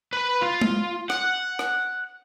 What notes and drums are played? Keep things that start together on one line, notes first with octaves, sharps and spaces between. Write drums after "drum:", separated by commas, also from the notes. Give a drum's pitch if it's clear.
B4 B5
F4
drum: tom G#3
F#5, drum: rim click
drum: rim click